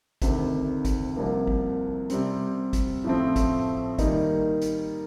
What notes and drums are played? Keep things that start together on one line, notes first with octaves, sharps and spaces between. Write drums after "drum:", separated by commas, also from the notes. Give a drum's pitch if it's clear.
D2 C3 D#3, drum: kick G#1, hi-hat
drum: kick G#1, hi-hat
C2 C3 F3 A#3
drum: kick G#1
C3 G3 C4, drum: hi-hat
drum: kick G#1, hi-hat
A2 F3 A3 C4
drum: kick G#1, hi-hat
D#3 G3 A#3 D#4, drum: kick G#1, hi-hat
drum: hi-hat